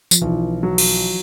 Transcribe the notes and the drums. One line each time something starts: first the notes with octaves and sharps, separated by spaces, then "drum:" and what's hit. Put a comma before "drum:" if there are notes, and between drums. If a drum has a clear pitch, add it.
F3, drum: tambourine
B1 E3
F#3
drum: cymbal